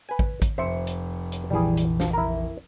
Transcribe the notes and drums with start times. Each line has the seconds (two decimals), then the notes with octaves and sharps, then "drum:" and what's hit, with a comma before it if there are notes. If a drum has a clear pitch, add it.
0.09 B4 G#5
0.19 drum: kick
0.42 drum: kick, hi-hat
0.58 F1 C5 E5 C#7
0.87 drum: hi-hat
1.32 drum: hi-hat
1.50 A#1 E3 G3 G#4
1.77 drum: hi-hat
2.00 F3, drum: snare
2.13 E4 A#4